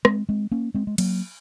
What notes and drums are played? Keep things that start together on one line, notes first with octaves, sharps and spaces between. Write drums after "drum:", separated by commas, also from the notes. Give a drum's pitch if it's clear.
G#3 C4, drum: rim click
G#3 C4
A#3 C#4
G#3 C4
G#3
F#3 A#3, drum: cymbal